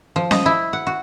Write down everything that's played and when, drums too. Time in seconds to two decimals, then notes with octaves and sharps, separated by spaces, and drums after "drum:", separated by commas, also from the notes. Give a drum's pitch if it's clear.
0.16 F3
0.31 D#5, drum: snare C#4
0.46 E4
0.73 F#5
0.87 F#4